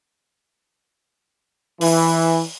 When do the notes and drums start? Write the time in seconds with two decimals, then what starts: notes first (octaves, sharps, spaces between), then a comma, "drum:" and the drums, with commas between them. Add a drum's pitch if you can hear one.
1.81 E3, drum: open hi-hat